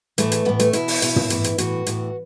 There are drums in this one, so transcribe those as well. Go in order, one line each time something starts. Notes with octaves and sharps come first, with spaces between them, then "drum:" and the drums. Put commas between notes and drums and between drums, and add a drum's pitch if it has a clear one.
A2 E3 A3, drum: hi-hat
drum: hi-hat
A2 E3 B3
A3, drum: hi-hat
B2 E4, drum: hi-hat
drum: open hi-hat
B2, drum: hi-hat
drum: tom
A2 E3, drum: hi-hat
drum: hi-hat
A2 E3 F#4, drum: hi-hat
A2 E3, drum: hi-hat